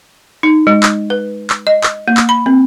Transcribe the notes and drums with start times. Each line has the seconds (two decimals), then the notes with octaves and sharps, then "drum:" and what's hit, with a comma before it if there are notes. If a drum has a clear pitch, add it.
0.43 D#4
0.67 G#3
0.83 drum: clap
1.10 B4
1.50 drum: clap
1.67 D#5
1.83 drum: clap
2.08 A#3
2.17 drum: clap
2.29 B5
2.46 C4